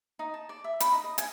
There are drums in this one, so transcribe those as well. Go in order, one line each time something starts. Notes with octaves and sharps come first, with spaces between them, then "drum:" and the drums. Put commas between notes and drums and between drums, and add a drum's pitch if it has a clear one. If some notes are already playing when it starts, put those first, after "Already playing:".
D#4
A5
D5
E5
B5, drum: hi-hat
D#4
D#5
G#5, drum: hi-hat